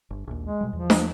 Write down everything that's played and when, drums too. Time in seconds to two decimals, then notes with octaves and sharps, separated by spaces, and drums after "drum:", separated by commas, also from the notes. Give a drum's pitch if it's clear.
0.10 G1
0.27 A#1 D#2
0.44 G#3
0.61 B2 G3
0.73 E2 F3
0.90 drum: snare